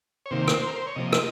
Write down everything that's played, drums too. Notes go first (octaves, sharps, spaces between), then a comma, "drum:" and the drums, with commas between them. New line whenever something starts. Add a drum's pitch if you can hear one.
C#5
C3 D#3 A#3 C5
drum: rim click
A#4
C5
C#5
C3 F3 A#3 D#5
drum: rim click